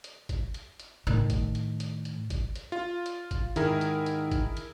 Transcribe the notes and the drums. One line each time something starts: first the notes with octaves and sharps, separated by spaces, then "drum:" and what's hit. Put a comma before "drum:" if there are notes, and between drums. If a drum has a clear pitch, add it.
drum: hi-hat
drum: kick, hi-hat
drum: hi-hat
drum: hi-hat
A2 D#3, drum: hi-hat
drum: kick, hi-hat
drum: hi-hat
drum: hi-hat
drum: hi-hat
drum: kick, hi-hat
drum: hi-hat
F4
drum: hi-hat
drum: kick, hi-hat
G#2 D#3 E4 G#4 A#4, drum: hi-hat
drum: hi-hat
drum: hi-hat
drum: kick, hi-hat
drum: hi-hat